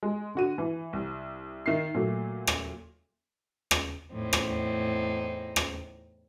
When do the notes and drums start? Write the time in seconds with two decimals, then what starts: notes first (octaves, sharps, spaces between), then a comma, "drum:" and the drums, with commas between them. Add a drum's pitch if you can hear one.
0.03 G#3
0.35 D3 F#4 D#7
0.58 E3
0.93 C2
1.66 D#3 E5 C7
1.94 A#2 F#3 A3
2.47 drum: rim click
3.71 drum: rim click
4.11 E2 A2 C4 D#4
4.33 drum: rim click
5.56 drum: rim click